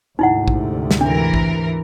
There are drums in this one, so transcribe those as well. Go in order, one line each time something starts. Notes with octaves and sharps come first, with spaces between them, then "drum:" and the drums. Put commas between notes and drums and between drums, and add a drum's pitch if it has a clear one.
D2 G#2 C3 D#4 E4 F#5
drum: kick A1
drum: snare
E3 D4 A#4
drum: kick A1